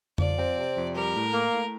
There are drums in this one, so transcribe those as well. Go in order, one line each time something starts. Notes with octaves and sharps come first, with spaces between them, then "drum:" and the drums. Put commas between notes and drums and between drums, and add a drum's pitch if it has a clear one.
F3 D5, drum: tom F2
C4
C3
F2
G3 A#4
A2
A#3
A2